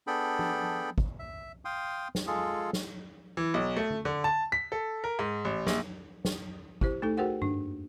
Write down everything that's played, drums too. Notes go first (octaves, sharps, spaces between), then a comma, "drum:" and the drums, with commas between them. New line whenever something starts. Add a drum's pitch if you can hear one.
B3 D4 G#4 A4 G5 B5
drum: tom
drum: kick
E5
F5 G5 C6 D#6
drum: snare
G#3 F4 G#4 A4
drum: snare
E3
B1
A3
drum: tom D3
D3
A5
B6
A4
A#4
G#2
A1
A#1, drum: snare
drum: snare
E4 G4 C5, drum: kick
A3 D#4 A4
F#4 G#4 A#4 C5 F#5 G5
D4, drum: tom G2